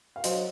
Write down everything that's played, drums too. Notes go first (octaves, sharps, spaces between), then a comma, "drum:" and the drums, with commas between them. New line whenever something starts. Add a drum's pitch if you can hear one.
F5
F#3 C5 D#5, drum: hi-hat